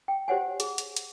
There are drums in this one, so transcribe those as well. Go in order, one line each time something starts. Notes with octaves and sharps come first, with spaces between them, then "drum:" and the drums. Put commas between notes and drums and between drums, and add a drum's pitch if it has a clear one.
G5
G4 C5 C#5 F#5 G#5
G#4, drum: hi-hat
drum: hi-hat
drum: hi-hat